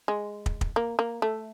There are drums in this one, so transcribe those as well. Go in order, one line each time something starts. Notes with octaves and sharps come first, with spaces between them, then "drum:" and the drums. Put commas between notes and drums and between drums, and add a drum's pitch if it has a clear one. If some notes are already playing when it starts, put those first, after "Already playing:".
G#3
drum: kick
drum: kick
A#3
A#3
A3